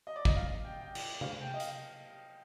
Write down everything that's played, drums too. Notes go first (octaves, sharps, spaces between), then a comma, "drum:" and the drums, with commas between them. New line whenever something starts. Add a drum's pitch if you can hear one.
D#5
D5
D#5, drum: kick
F5
G5
G5
drum: cymbal
F5, drum: tom C3
G5
D#5
F5, drum: hi-hat